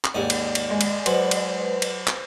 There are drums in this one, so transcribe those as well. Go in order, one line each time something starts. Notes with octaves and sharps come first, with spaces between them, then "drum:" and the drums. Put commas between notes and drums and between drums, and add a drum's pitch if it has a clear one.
drum: clap
D#2 G#2 C#4 D5 D#5
drum: cymbal
drum: cymbal
G#3
drum: cymbal
F#3 B4 C5, drum: cymbal
drum: cymbal
drum: cymbal
drum: clap